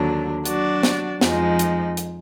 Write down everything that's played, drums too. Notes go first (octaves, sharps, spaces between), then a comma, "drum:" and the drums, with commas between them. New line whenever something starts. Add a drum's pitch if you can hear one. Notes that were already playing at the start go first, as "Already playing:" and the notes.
Already playing: D#2 D3 F#3 D4
F#3 D4 F#4 D5, drum: hi-hat
drum: snare
F2 F3 G#3 D#4, drum: snare
drum: hi-hat
drum: hi-hat